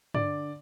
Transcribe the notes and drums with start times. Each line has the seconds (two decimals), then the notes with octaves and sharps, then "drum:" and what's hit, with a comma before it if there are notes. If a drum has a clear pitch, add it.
0.14 D3 D5, drum: tom G2